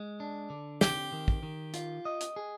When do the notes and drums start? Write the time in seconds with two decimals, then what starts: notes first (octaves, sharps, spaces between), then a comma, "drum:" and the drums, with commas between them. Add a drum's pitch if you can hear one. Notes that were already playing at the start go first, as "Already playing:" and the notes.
Already playing: G#3
0.20 D4
0.50 D3
0.81 C4 G4, drum: snare
1.13 D#3
1.28 drum: kick
1.43 D#3
1.74 F4, drum: hi-hat
2.05 D#5
2.21 drum: hi-hat
2.36 G#4